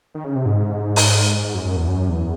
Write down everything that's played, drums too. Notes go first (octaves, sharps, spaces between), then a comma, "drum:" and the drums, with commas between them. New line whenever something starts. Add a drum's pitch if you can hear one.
D#3
C#3
C3
G#2
drum: open hi-hat
G#2
F#2
F#2
E2
F#2
E2